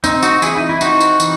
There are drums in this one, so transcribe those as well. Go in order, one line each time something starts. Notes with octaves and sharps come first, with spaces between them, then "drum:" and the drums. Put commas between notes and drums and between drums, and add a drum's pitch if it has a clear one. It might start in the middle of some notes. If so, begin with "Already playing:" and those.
C4 D#4, drum: tambourine
D#4 F#4, drum: tambourine
E3 E4 G#4, drum: tambourine
D#4
E4
C4 D#4 F#4, drum: tambourine
drum: tambourine
E3, drum: tambourine